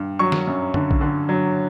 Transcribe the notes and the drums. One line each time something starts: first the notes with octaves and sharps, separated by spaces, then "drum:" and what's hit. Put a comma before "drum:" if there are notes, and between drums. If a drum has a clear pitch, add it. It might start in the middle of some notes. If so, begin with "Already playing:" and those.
Already playing: G2
F#3 C#6
drum: snare
F#2
D3, drum: tom F#2
drum: kick A#1
D3
F#3